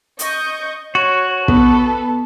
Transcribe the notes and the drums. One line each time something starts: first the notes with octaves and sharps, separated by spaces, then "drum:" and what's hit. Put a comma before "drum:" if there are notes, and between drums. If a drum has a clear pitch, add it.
D#5 C#6 G6, drum: hi-hat
F#4 C#5
B3 A4 B4, drum: kick